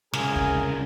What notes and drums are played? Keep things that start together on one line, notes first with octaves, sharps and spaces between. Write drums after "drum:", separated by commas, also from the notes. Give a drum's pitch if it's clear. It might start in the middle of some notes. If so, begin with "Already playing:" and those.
C2 C#3 G#4 A#4 G#5, drum: snare
drum: kick